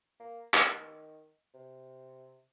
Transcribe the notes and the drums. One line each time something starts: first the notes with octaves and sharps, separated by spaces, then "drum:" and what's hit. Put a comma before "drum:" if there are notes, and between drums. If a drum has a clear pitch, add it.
A#3
D#3, drum: clap
C3